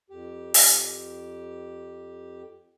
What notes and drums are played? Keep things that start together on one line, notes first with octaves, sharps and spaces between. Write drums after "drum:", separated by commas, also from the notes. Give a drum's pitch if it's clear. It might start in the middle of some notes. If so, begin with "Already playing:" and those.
F2 G4
drum: open hi-hat